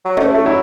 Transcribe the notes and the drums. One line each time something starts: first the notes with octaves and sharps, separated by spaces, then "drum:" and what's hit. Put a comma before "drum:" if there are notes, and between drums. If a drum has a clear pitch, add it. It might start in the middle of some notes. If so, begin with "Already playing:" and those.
F#3
A3 C#4, drum: tom
A3
F#3 E4